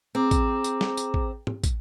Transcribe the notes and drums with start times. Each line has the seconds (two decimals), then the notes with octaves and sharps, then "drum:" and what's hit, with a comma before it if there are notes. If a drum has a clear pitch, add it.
0.15 C4 G#4 A#5 D6
0.31 drum: kick, tambourine
0.64 drum: tambourine
0.81 drum: snare
0.97 drum: tambourine
1.14 drum: kick
1.47 drum: tom
1.64 drum: kick, tambourine